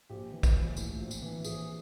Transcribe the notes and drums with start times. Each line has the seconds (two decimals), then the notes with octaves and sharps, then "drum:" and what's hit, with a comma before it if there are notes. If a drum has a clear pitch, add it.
0.10 A#1 G4
0.32 E3
0.43 drum: kick, tambourine
0.54 A#1
0.77 A2, drum: tambourine
1.00 A#1
1.11 drum: tambourine
1.22 E3
1.44 A#1 G#4, drum: tambourine